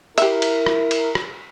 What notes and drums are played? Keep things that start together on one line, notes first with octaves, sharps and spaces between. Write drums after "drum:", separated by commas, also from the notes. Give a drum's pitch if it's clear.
E4 G4 A#4 E5, drum: cymbal
drum: cymbal
drum: rim click
drum: cymbal
drum: rim click